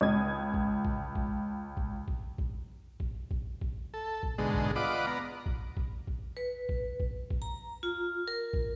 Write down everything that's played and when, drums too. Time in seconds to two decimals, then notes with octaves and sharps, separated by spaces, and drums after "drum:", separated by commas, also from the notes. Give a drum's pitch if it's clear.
0.01 C#2 D#6 G#6
0.54 drum: kick
0.85 drum: kick
1.15 drum: kick
1.77 drum: kick
2.08 drum: kick
2.38 drum: kick
3.00 drum: kick
3.31 drum: kick
3.61 drum: kick
3.94 A4
4.23 drum: kick
4.38 G#2 B2 D3 G#3
4.54 drum: kick
4.76 F4 B4 D5 D#5 F#5 D6
5.07 B3 A#5
5.46 drum: kick
5.77 drum: kick
6.07 drum: kick
6.37 B4
6.69 drum: kick
7.00 drum: kick
7.30 drum: kick
7.42 A#5
7.83 F4
8.28 A#4
8.53 drum: kick